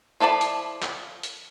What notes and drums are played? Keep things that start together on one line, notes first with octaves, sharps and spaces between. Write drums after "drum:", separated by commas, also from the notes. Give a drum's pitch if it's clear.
F3 E4 A4 D5 B5
drum: hi-hat
drum: clap
drum: hi-hat